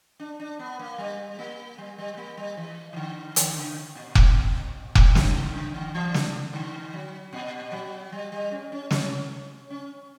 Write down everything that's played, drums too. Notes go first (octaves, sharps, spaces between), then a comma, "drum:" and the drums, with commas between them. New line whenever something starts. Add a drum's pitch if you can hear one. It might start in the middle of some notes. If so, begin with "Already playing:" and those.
D4
D4
B3
A#3
G3
A#3
G3
G3
G3
A#3
G3
E3
E3
D3
D3, drum: hi-hat
C#3
A#2
B2, drum: kick F1
A#2
B2, drum: kick F1
C#3, drum: snare
D3
C#3
D3
E3
D4, drum: snare
D3
F#3
A#2
F#3
G3
G3
C#4
C#4
C#4, drum: snare
C#4